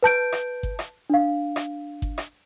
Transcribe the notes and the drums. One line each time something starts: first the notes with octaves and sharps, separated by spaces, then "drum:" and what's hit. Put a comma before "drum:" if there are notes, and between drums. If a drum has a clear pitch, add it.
B4 A5 G6 D7
drum: rim click
drum: kick G1
drum: rim click
D4 F5
drum: rim click
drum: kick G1
drum: rim click